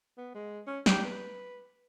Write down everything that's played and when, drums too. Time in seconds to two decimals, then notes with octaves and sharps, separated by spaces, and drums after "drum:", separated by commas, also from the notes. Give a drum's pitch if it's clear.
0.17 B3
0.34 G#3
0.67 C#4
0.86 G4, drum: snare
1.05 B4